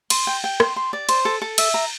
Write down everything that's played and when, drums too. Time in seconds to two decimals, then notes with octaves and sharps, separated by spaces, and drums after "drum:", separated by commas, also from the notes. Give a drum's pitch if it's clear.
0.10 C6, drum: cymbal
0.27 G5
0.44 G5
0.60 C6, drum: rim click
0.76 C6
0.93 D5
1.09 C5, drum: cymbal
1.25 A4
1.42 A4
1.58 E5, drum: cymbal
1.74 A#5